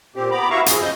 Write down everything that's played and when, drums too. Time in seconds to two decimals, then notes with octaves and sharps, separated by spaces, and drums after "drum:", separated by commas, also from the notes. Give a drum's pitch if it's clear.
0.16 A#2 C4 G4
0.31 B3 A#5 B5 D6
0.50 E4 F#4 E5 F5 A#5 C#6
0.66 F3 G#4, drum: hi-hat
0.82 C#3 D#5 G6